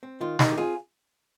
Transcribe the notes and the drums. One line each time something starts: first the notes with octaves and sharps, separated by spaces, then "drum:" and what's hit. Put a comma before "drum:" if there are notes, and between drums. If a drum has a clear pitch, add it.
C4
D#3 F4
D#3 D#4 G4, drum: snare
G4
C4 F4 G#4